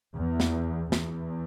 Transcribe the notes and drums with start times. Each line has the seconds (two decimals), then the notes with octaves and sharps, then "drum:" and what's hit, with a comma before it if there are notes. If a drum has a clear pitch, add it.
0.15 E2
0.40 drum: snare
0.92 E2, drum: snare